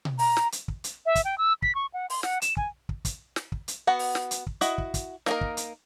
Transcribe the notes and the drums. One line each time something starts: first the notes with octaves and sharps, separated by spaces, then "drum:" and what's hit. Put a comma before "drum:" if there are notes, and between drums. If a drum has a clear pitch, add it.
drum: tom B2
A#5, drum: open hi-hat
drum: snare
drum: hi-hat
drum: kick
drum: hi-hat
E5
drum: kick, hi-hat
G5
E6
B6, drum: kick
C#6
F#5
C6, drum: open hi-hat
F#5, drum: snare
E7, drum: hi-hat
G#5, drum: kick
drum: kick
drum: kick, hi-hat
drum: snare
drum: kick
drum: hi-hat
B3 F#4 F#5
drum: open hi-hat
drum: snare
drum: hi-hat
drum: kick
E4 F#4 D#5, drum: hi-hat
drum: kick
drum: kick, hi-hat
A#3 D#4 A#4, drum: snare
drum: kick
drum: hi-hat